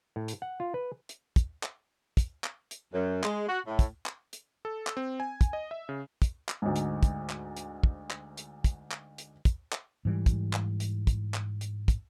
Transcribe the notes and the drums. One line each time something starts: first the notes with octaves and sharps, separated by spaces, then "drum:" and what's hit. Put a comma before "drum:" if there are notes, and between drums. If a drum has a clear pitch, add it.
A2
drum: hi-hat
F#5
F4
B4
drum: hi-hat
drum: kick, hi-hat
drum: clap
drum: kick, hi-hat
drum: clap
drum: hi-hat
F#2
G#3, drum: clap
F#4
A2
drum: kick, hi-hat
drum: clap
drum: hi-hat
A4
drum: clap
C4
G#5
drum: kick, hi-hat
D#5
E5
C#3
drum: kick, hi-hat
drum: clap
D2 G#2
drum: hi-hat
drum: kick, hi-hat
drum: clap
drum: hi-hat
drum: kick
drum: clap
drum: hi-hat
drum: kick, hi-hat
drum: clap
drum: hi-hat
drum: kick, hi-hat
drum: clap
G#2 E3 G3
drum: kick, hi-hat
drum: clap
drum: hi-hat
drum: kick, hi-hat
drum: clap
drum: hi-hat
drum: kick, hi-hat